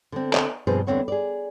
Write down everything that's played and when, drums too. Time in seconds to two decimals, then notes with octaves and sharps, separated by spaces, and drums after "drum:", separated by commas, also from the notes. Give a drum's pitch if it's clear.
0.12 D3 C4
0.33 drum: clap
0.67 G2 B2 F3 C4 G#4 C5
0.87 E2 G2 D3 C4 C#5 F#5
1.08 G#4 D5